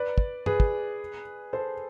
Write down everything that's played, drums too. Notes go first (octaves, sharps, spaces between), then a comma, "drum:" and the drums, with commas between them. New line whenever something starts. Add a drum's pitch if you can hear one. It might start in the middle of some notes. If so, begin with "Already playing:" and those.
Already playing: B4 D5
drum: kick
G#4 B4, drum: tom
drum: kick
A4 C5